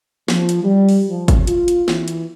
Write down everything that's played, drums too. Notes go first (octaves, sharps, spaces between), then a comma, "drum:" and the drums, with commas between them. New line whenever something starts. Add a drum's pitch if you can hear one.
F3, drum: snare
drum: hi-hat
G3
drum: open hi-hat
F3
drum: kick, hi-hat
F4, drum: hi-hat
drum: hi-hat
E3, drum: snare
drum: hi-hat